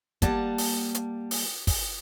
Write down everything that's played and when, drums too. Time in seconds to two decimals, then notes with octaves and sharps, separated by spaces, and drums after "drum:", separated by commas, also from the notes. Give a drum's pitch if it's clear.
0.22 G3 A#3 F#5 A5, drum: kick, hi-hat
0.58 drum: open hi-hat
0.95 drum: hi-hat
1.31 drum: open hi-hat
1.67 drum: kick, open hi-hat